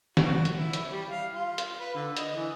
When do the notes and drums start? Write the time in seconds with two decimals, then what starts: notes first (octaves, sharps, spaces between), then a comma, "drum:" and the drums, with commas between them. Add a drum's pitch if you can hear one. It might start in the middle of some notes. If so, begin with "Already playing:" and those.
0.17 F#4, drum: snare
0.45 drum: hi-hat
0.55 E4
0.73 drum: hi-hat
0.91 G3
1.08 F5
1.33 F4
1.58 drum: hi-hat
1.79 B4
1.95 D3
2.17 D#5, drum: hi-hat
2.35 E3